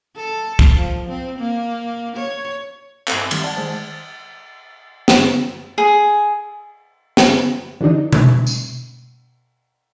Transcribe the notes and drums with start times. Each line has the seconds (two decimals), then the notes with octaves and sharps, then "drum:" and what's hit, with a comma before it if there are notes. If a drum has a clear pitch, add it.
0.16 A4
0.59 drum: kick
0.74 F3
1.09 C4
1.39 A#3
2.16 C#5
3.08 G2 C4, drum: clap
3.31 D#3 G3 C6, drum: cymbal
3.44 D5 F#5 A5
3.57 D#3 G#3 C5
5.08 drum: snare
5.78 G#4
7.17 drum: snare
7.81 D3 E3 G3 D4 D#4
8.13 drum: tom B2
8.47 drum: tambourine